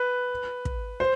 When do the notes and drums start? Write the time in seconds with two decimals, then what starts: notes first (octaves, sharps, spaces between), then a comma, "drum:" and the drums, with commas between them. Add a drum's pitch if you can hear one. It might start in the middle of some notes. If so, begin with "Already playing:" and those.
Already playing: B4
0.65 drum: kick
1.00 C5